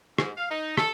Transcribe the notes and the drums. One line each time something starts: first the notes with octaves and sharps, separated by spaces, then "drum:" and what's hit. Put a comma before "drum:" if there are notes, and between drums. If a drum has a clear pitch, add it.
G#2, drum: rim click
F5
D#4
A4, drum: rim click